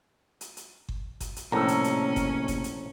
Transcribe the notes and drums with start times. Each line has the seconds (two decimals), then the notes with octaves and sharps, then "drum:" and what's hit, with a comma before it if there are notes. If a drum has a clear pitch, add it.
0.41 drum: hi-hat
0.57 drum: hi-hat
0.89 drum: kick G1
1.20 drum: kick G1, hi-hat
1.36 drum: hi-hat
1.52 A#1 A2 C3 A#3 C#4 D#4 A#5 E6
1.68 drum: hi-hat
1.84 drum: hi-hat
2.16 drum: kick G1, hi-hat
2.48 drum: kick G1, hi-hat
2.64 drum: hi-hat